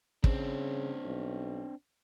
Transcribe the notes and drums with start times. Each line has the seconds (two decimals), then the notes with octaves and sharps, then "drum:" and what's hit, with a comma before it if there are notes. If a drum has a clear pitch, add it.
0.24 C#3 C4 D4, drum: kick
1.04 B1